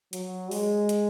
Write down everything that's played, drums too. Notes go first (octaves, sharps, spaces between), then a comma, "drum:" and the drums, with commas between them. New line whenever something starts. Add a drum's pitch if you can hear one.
F#3, drum: hi-hat
G#3, drum: open hi-hat
drum: hi-hat